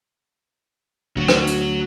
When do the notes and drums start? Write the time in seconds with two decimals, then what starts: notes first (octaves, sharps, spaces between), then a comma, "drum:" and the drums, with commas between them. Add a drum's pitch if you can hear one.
1.17 D2 F#3 F#4
1.28 drum: rim click
1.47 drum: hi-hat